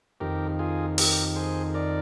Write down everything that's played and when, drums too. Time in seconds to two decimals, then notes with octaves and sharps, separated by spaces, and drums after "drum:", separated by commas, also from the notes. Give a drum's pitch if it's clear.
0.20 F2 D#3 G4 A#4
0.59 F4 G#4
0.98 G4 A#4, drum: open hi-hat
1.36 G#4 C5
1.74 A#4 D5